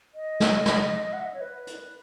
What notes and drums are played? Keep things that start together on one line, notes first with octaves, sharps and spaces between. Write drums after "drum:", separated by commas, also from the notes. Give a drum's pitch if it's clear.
D#5
drum: snare
drum: snare
F#5
E5
D#5
C#5
B4
drum: hi-hat